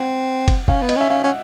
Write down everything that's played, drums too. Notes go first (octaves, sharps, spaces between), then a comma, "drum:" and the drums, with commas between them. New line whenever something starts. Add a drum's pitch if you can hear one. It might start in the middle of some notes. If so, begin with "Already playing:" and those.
Already playing: C4 F#5
drum: kick, cymbal
C#4 F5, drum: kick
B3
D#5, drum: cymbal
C#4 E5
C#4 F5
C#4 F#5